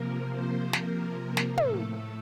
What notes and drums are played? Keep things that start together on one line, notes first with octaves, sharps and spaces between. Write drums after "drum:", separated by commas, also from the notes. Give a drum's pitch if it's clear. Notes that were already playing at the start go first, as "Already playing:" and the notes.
Already playing: C3 F3 A#3 A#4
C5
A#4, drum: snare
drum: snare
A2 A3 A4, drum: tom
A4